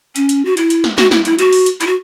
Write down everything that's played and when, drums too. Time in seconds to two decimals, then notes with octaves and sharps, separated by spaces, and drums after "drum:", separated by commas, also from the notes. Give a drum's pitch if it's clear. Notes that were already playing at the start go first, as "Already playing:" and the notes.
0.16 C#4, drum: hi-hat
0.29 drum: hi-hat
0.45 F#4
0.57 E4, drum: hi-hat
0.70 drum: hi-hat
0.84 drum: snare
0.98 F#4, drum: snare
1.11 E4, drum: snare
1.25 E4, drum: hi-hat
1.39 F#4, drum: hi-hat
1.53 drum: open hi-hat
1.66 drum: hi-hat
1.81 E4, drum: hi-hat
1.87 F#4